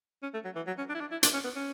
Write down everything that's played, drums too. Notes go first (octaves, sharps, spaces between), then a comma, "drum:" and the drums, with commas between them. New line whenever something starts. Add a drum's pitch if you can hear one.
C#4
A3
F#3
E3
F#3
C#4
D4
E4
D4
E4
D4, drum: hi-hat
C#4
B3
C#4